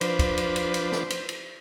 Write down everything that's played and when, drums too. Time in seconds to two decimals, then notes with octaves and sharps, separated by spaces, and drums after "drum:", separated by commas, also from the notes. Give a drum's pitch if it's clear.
0.01 F3 D4 B4 C5, drum: cymbal
0.19 drum: kick, cymbal
0.37 drum: cymbal
0.56 drum: cymbal
0.74 drum: cymbal
0.92 drum: snare
1.10 drum: cymbal
1.29 drum: cymbal